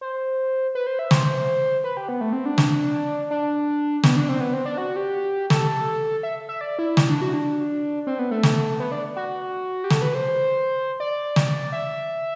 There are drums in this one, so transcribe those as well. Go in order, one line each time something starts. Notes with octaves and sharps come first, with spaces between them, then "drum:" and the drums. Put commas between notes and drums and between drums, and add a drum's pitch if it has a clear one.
C5
B4
C5
E5
C5, drum: snare
B4
G4
B3
A3
C4
D4
drum: snare
D4
B3, drum: snare
D4
C4
B3
C4
D4
F#4
G4
A4, drum: snare
E5
E5
D5
E4
drum: snare
D4
F#4
D4
C4
B3
A3
drum: snare
B3
D4
F#4
G4
A4, drum: snare
B4
C5
D5
drum: snare
E5